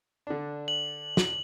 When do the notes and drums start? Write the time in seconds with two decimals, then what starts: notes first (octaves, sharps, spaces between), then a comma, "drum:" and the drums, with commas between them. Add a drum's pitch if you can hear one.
0.27 D3 D4
0.68 F#7
1.17 drum: snare